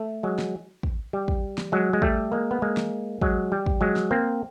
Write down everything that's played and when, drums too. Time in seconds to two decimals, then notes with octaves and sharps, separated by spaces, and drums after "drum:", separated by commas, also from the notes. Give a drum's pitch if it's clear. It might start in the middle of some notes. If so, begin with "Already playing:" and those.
Already playing: A3
0.23 F#3 G#3
0.39 drum: snare
0.83 drum: kick
1.13 G3
1.28 drum: kick
1.58 drum: snare
1.72 F#3 G#3
1.93 G#3
2.02 G3 A3, drum: kick
2.32 G#3 A#3
2.51 B3
2.62 G#3 A#3
2.77 drum: snare
3.21 F#3 G#3, drum: kick
3.52 G3
3.66 drum: kick
3.81 F#3 G#3
3.96 drum: snare
4.11 A#3 C4